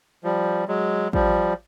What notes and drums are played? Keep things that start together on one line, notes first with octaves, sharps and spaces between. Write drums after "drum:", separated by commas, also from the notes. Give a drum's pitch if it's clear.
F3 G3
F#3 G#3
F3 G3, drum: kick